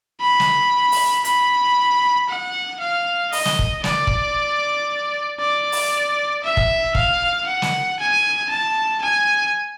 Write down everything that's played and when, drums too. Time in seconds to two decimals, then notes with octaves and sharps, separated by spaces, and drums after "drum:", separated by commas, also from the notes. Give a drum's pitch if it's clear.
0.21 B5
0.40 drum: snare
0.92 drum: open hi-hat
1.25 B5, drum: hi-hat
2.29 F#5
2.80 F5
3.32 D#5, drum: open hi-hat
3.45 drum: snare
3.59 drum: kick
3.84 D5, drum: snare
4.07 drum: kick
5.40 D5
5.72 drum: open hi-hat
6.44 E5
6.57 drum: kick
6.95 F5, drum: kick
7.47 F#5
7.62 drum: snare
7.99 G#5
8.50 A5
9.02 G#5